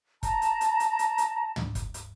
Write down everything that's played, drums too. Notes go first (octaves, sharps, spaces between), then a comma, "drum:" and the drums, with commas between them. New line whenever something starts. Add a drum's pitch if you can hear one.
A5 A#5, drum: kick, hi-hat
drum: hi-hat
drum: hi-hat
drum: hi-hat
drum: hi-hat
drum: hi-hat
drum: tom
drum: kick, hi-hat
drum: hi-hat